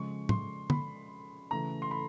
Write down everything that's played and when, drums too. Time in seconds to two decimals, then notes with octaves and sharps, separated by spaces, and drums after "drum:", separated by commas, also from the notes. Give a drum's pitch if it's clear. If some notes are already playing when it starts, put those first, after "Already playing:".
Already playing: C#3 F3 G#3 C#6
0.29 C6, drum: tom
0.70 B5, drum: tom
1.51 C#3 E3 A3 A#5
1.82 C6
1.91 B5